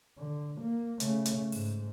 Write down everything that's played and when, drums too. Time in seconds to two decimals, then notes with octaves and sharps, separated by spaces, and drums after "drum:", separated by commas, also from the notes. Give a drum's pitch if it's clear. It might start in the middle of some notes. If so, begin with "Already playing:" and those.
0.18 D3
0.61 A#3
1.00 C#3 A3, drum: hi-hat
1.26 drum: hi-hat
1.52 G#2, drum: open hi-hat